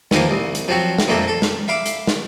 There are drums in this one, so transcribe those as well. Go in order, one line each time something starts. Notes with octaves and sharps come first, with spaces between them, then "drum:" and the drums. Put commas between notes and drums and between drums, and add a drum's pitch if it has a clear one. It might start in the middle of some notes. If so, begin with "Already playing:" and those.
E2 D#3 F3 A#3, drum: snare
C2
drum: hi-hat
F3 F#3 C4 F#4
drum: snare
A#1 F2 A3 A#3 E5
A4
drum: snare
E5 F5 B5 D6
drum: hi-hat
drum: snare